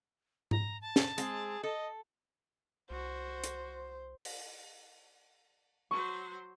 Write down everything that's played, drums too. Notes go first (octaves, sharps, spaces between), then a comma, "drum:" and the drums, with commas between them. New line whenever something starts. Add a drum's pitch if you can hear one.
A#5, drum: tom G#2
A5
drum: snare
G#3 C4 G#4, drum: hi-hat
A4 D#5
C2 F#4 C5
drum: hi-hat
drum: open hi-hat
F#3 C5 C#6